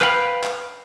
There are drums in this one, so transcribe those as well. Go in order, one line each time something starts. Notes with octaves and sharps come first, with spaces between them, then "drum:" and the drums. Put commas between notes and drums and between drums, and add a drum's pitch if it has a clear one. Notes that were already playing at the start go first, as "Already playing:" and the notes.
B4 C5 F5 G5 A#5 B5, drum: clap
drum: clap